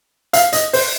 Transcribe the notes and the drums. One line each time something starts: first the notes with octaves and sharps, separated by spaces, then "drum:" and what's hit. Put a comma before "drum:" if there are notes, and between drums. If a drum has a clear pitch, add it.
F5, drum: hi-hat
D#5, drum: hi-hat
C5, drum: open hi-hat